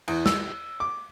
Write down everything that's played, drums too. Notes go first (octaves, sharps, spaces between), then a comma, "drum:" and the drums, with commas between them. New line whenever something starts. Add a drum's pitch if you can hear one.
E2, drum: cymbal
E6, drum: snare
D6